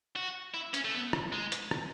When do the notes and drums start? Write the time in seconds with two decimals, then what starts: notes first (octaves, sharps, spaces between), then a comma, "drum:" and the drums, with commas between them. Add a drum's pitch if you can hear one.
0.16 F#4
0.54 E4
0.74 C#4, drum: hi-hat
0.85 A3
0.94 B3
1.13 drum: rim click
1.32 G#3
1.52 drum: hi-hat
1.71 drum: rim click